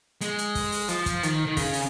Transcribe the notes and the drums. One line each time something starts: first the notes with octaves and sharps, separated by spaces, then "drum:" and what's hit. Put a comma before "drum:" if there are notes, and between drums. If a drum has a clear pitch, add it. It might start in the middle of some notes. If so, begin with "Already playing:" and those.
G#3, drum: hi-hat
drum: hi-hat
drum: kick, open hi-hat
drum: open hi-hat
F3, drum: hi-hat
drum: kick, hi-hat
D#3, drum: hi-hat
D#3
C#3, drum: kick, open hi-hat
drum: open hi-hat